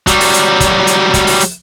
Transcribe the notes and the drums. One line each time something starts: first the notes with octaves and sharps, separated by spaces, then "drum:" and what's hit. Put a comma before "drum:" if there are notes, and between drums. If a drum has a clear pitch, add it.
F#3 G3, drum: kick, hi-hat
drum: open hi-hat
drum: hi-hat
drum: kick, hi-hat
drum: hi-hat
drum: kick, hi-hat
drum: open hi-hat
drum: hi-hat